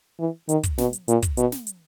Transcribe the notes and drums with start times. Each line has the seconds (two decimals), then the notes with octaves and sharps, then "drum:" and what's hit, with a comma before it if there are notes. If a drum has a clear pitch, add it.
0.19 E3
0.49 D#3, drum: hi-hat
0.64 drum: kick, hi-hat
0.78 B2, drum: snare
0.93 drum: hi-hat
1.08 A#2, drum: hi-hat
1.23 drum: kick, hi-hat
1.37 B2, drum: hi-hat
1.52 drum: snare
1.67 drum: hi-hat